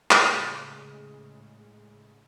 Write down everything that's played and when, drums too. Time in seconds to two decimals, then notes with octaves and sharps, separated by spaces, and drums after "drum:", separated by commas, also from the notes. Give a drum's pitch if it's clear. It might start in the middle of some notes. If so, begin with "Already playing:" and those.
0.11 A2 C#3 G#3, drum: clap